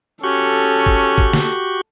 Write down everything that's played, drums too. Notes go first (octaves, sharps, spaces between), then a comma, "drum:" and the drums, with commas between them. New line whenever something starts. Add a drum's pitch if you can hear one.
C#4 F#4 G4 A4 C#6
drum: kick
drum: kick
drum: snare